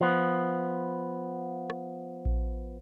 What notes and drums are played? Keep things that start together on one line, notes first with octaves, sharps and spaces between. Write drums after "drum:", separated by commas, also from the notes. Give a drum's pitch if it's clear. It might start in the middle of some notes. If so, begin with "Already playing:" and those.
F3 B3
drum: rim click
drum: kick A#1